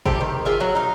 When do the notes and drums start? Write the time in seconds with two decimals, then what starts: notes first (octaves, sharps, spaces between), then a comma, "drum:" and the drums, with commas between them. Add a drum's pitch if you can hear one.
0.06 C3 F4 G4 A4, drum: kick G1
0.21 D#3
0.45 F4 G#4 E5 F5
0.60 F#3 F#4
0.75 D#4 F5